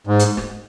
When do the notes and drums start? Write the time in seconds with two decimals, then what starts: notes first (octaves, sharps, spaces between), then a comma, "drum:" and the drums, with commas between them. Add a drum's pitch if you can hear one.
0.07 G#2
0.19 drum: hi-hat
0.37 drum: snare